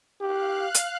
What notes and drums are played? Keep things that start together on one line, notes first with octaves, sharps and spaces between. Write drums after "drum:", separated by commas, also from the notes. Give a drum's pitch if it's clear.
G4 F5 F#6
drum: hi-hat